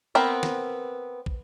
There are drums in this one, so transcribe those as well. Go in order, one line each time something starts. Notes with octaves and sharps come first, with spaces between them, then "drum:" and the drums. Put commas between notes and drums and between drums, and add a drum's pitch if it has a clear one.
B3 C4 A#4 B4
drum: snare
drum: kick